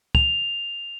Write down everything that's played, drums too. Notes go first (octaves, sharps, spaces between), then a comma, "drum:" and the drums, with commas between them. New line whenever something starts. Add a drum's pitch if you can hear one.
F7, drum: kick